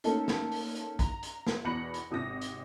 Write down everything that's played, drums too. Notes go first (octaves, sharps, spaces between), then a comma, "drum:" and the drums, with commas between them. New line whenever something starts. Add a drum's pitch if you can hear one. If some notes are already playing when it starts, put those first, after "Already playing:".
A3 A#3 C#4 D#4 A4, drum: hi-hat
drum: snare
drum: open hi-hat
drum: hi-hat
A#5, drum: kick, hi-hat
drum: hi-hat
drum: snare
E2 B2 B5 A#6 C#7 F#7
drum: hi-hat
G#1 C3 D#6 A#6
drum: hi-hat